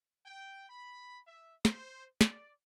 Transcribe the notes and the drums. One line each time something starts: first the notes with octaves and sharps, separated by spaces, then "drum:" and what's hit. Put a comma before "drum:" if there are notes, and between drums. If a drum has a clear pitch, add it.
G5
B5
E5
C5, drum: snare
D5, drum: snare